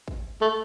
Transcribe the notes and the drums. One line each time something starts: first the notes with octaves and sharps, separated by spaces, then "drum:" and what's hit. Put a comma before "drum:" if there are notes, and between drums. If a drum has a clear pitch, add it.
drum: kick
A3